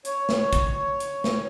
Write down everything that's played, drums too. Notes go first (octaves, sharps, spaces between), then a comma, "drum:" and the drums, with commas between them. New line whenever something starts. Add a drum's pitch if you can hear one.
C#5, drum: hi-hat
drum: snare
drum: kick, hi-hat
drum: hi-hat
drum: snare